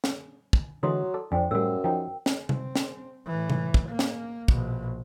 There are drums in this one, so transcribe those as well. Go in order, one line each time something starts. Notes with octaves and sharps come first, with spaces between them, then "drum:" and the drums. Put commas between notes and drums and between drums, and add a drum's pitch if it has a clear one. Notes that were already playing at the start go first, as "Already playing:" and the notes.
drum: snare
drum: kick
D3 E3 F#3 G#3 E4 C6 D#6
A4 D5
F2 D4 C5 G5 G#5
F#2 A2 G3 F#4 A#4 E6
F3 D#4 G5
drum: snare
C4, drum: tom C3
drum: snare
A2 E3
drum: tom C3
drum: kick
A#3
drum: snare
A#1 B2, drum: kick